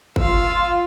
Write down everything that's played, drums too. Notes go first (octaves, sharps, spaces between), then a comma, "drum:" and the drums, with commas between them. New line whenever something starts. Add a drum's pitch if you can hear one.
F4 F5 E6, drum: kick